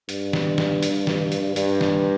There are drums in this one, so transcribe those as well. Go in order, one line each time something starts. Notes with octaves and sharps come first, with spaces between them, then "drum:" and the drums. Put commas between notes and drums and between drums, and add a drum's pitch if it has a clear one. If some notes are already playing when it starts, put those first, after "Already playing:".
G2, drum: hi-hat
drum: snare
drum: snare
drum: hi-hat
drum: snare
drum: hi-hat
G2, drum: hi-hat
drum: snare